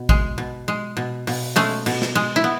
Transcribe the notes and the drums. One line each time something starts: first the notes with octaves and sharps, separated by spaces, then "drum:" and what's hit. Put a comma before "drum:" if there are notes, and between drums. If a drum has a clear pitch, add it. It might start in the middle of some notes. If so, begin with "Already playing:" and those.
Already playing: B2
G#3, drum: kick A1
B2
G#3
B2
B2, drum: open hi-hat
G#3 A3 C#4
B2, drum: cymbal
drum: snare
G#3
E4
B3